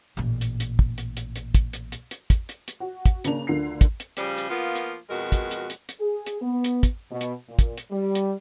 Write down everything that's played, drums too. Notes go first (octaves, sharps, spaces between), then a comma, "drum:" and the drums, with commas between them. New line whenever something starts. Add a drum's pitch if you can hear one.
A1 A#2
drum: hi-hat
drum: hi-hat
drum: kick
drum: hi-hat
drum: hi-hat
drum: hi-hat
drum: kick, hi-hat
drum: hi-hat
drum: hi-hat
drum: hi-hat
drum: kick, hi-hat
drum: hi-hat
drum: hi-hat
F#4
drum: kick, hi-hat
C#3 A#3 D4 F7, drum: hi-hat
D2 D3 F4 A#4 C7
drum: kick, hi-hat
drum: hi-hat
C#3 F3 G3, drum: hi-hat
drum: hi-hat
F3 A#3 B3 F4
drum: hi-hat
F2 B2 G#3 F#4 A#4
drum: kick, hi-hat
drum: hi-hat
drum: hi-hat
drum: hi-hat
G#4
drum: hi-hat
B3
drum: hi-hat
drum: kick, hi-hat
B2
drum: hi-hat
A#2
drum: kick, hi-hat
drum: hi-hat
G3
drum: hi-hat